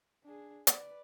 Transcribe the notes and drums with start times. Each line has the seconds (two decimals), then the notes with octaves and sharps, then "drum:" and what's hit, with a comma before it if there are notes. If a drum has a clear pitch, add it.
0.24 D4 G#4
0.67 B4 D5, drum: hi-hat